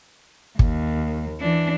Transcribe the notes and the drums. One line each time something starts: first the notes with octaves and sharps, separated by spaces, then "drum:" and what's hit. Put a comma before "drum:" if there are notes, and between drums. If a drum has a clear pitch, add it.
D#2, drum: kick
E3 D4